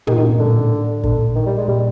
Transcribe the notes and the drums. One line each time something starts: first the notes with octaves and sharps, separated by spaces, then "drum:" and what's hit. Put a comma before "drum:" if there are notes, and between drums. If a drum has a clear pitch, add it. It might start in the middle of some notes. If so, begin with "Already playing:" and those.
A#2 D#3, drum: tom
A#2 D#3
A#2
A2 D3
A#2 D3, drum: kick
D#3
G3
G#3
A#2 G3